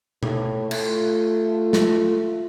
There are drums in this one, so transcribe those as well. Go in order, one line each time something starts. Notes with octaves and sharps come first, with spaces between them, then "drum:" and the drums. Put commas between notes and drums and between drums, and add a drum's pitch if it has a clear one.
A2, drum: tom B2
A3 F4, drum: cymbal
drum: snare